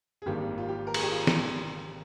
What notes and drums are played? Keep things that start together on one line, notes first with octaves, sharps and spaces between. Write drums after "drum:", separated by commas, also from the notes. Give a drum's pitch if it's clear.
G#4
G#1 G2 D#3 A#3 G4
F4
G4
A#4
G#4, drum: cymbal
G4
F4
drum: snare